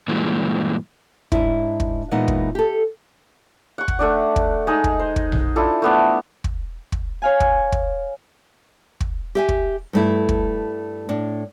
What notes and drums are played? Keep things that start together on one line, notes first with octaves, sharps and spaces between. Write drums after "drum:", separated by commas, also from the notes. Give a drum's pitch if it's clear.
G2 A#2 E3 G#3
G#2 D4 E4, drum: kick
drum: kick
A#2 E3 G#3 B3 D#4 F#5
drum: kick
G4 A4
F#5 C#6
drum: kick
A3 D4 D5
drum: kick
G#3 D#4
drum: kick
C5
drum: kick
drum: tom A#1
D4 E4 F4 A4
A3 B3 D4
drum: kick
drum: kick
C#5 F5 G#5
drum: kick
drum: kick
drum: kick
G4 E5 G#5
drum: kick
G2 A3 E4
drum: kick
A2 D4